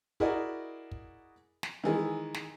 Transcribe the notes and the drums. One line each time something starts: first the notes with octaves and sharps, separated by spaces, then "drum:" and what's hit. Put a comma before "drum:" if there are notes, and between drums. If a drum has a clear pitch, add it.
E4 F#4 G#4 A#4 D5 D#5, drum: kick
drum: kick
drum: snare
D#3 E3 G#3
drum: snare